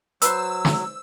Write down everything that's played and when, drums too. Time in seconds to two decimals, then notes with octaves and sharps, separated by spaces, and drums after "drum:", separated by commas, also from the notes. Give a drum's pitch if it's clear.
0.22 F#3 B4 C5 E6, drum: hi-hat
0.65 drum: snare